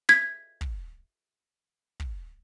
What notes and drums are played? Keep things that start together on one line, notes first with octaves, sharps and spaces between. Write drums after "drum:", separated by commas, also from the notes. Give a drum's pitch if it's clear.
G#6 B6
drum: kick
drum: kick